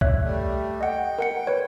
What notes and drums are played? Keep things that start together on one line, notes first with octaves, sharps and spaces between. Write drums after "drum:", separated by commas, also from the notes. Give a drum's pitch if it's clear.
C#5 E5 F#6, drum: kick C2
G3 A3
D#5 F#5 G5
A#4 F#5 C#7
B4 C#5